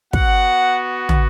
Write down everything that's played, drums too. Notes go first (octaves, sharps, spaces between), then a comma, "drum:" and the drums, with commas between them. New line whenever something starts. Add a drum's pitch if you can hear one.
B3 F#4 F#5, drum: kick
drum: tom